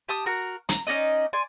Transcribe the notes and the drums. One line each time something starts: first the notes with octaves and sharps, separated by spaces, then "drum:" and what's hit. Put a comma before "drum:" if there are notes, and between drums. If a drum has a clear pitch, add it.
G4 A5 D#6
F#4 A#4
A#5, drum: hi-hat
C#4 D#4 D5 D#5
D5 G#5 C6